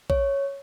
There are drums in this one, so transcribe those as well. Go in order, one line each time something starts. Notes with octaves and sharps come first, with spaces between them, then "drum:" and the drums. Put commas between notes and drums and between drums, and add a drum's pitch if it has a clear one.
C#5, drum: kick A#1